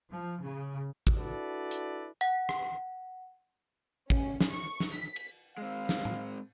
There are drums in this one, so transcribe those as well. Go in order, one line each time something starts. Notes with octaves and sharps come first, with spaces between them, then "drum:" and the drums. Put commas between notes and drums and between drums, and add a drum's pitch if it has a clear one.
F3
C#3
drum: kick
D4 E4 F#4 A4 B4 D5
drum: hi-hat
F#5
drum: rim click
C#4, drum: kick
drum: snare
C#6
drum: snare
B6
drum: cymbal
G#3 C4 F5
drum: snare
drum: tom